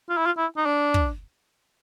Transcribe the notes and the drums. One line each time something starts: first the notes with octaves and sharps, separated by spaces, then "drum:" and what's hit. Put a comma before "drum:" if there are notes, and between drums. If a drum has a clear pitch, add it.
F4
E4
F4
E4
D#4
D4
drum: kick